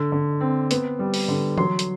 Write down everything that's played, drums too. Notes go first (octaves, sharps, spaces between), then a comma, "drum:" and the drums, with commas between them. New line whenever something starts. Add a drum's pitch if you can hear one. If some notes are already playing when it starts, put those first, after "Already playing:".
Already playing: D3
D3
C4
B3, drum: hi-hat
G3
drum: open hi-hat
D3
F#3 C6, drum: tom E3
drum: hi-hat